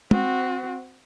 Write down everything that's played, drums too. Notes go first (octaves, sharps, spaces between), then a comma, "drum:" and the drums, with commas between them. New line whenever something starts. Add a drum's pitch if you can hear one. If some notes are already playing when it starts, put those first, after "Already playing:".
C4 F#4, drum: tom